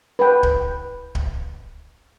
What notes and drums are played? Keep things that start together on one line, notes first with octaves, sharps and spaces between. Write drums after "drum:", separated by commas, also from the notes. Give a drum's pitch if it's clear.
B4 G5
drum: kick D1
drum: kick D1